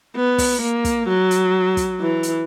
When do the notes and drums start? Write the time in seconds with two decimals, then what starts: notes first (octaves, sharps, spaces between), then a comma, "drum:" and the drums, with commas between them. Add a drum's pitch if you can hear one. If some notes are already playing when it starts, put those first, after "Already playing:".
0.16 B3
0.38 drum: kick, open hi-hat
0.62 A#3
0.85 drum: kick, hi-hat
1.08 F#3
1.31 drum: hi-hat
1.77 drum: kick, hi-hat
2.00 E3
2.23 drum: hi-hat